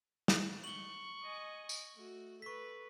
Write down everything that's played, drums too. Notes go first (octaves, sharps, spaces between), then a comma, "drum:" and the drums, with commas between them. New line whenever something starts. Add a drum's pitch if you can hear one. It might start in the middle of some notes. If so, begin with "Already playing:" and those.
drum: snare
C#6 F#7 G7
D#5 G#5
drum: tambourine
A3 F#4
A4 B4 C#6 B6